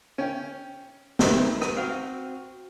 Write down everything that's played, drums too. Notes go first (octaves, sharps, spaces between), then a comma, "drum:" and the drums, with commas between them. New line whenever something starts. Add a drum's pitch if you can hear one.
C#4 G5
A3 A#3 D#4 B4, drum: snare
drum: rim click
C4 F#4 F5